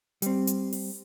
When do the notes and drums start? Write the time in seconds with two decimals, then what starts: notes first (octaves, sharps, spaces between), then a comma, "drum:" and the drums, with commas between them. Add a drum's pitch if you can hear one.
0.22 G3 C4, drum: hi-hat
0.47 drum: hi-hat
0.73 drum: open hi-hat